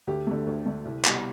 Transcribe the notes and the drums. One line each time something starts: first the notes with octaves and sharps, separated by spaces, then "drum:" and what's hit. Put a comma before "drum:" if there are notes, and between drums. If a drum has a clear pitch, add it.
D2 G4
D3 A3
D2
D3 A3
C2
B2 G3, drum: clap